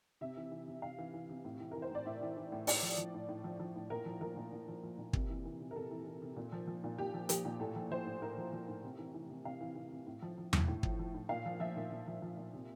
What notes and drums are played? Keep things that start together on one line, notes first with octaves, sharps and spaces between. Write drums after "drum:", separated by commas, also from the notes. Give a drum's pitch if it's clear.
C3 E5
E3
E3
C3
C3 F5
E3
E3
C3
A2
E3
E3 A#4
C5
A2 D5
A2 E5
E3
E3
A2
A2 D5, drum: open hi-hat
F3
F3
A2
A2
F3
F3
A2
A#2 A#4
F3
F3 A#4
A#2
A#2
F3
F3
A#2
C3, drum: kick
E3
E3
C3
A#4
C3 A4
E3
E3
C3
A#2
F3
F3
A#2
A#2 G4
F3
F3 G4, drum: hi-hat
A#2
A2 A4
F3
F3 C5
A2
A2 A#4
F3
F3
A2
C3
E3
E3
C3
C3 F5
E3
E3
C3
A2
F3
F3
A2, drum: tom E2
A2
F3, drum: kick
F3
A2
A#2 F5
F3
F3 E5
A#2
A#2
F3
F3
A#2
C3